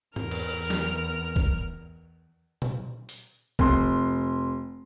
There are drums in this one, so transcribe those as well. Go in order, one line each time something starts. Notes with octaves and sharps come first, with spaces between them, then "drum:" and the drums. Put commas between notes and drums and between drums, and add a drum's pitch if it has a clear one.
E2 A#4 F6, drum: tom G#2
drum: cymbal
drum: snare
drum: kick
drum: tom
drum: hi-hat
F1 C6, drum: kick